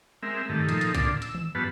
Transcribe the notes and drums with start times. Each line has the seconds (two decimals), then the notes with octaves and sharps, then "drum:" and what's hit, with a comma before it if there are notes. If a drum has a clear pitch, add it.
0.22 G#3 C4 A#4 E5
0.49 G2 D#3 A3
0.69 A#2 F3 D#4 A4, drum: hi-hat
0.81 drum: hi-hat
0.95 A#2 D3 D4 F4, drum: kick B1, hi-hat
1.22 E6, drum: hi-hat
1.34 drum: tom D#3
1.55 G2 F#3 B3 F4 B4 A5